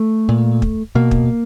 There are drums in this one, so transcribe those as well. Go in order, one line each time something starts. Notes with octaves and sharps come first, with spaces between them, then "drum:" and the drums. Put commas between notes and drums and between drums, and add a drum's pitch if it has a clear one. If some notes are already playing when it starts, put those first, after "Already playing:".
Already playing: A3
A#2
drum: kick
B2 A#3
drum: kick